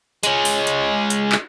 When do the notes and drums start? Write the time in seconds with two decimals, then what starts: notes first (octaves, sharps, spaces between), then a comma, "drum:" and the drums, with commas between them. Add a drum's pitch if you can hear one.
0.23 G#3 C#4, drum: hi-hat
0.45 drum: open hi-hat
0.67 drum: hi-hat
1.10 drum: hi-hat
1.32 drum: clap